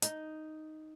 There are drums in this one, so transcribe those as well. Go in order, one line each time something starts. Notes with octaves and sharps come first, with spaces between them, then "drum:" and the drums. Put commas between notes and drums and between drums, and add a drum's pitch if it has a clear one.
D#4, drum: hi-hat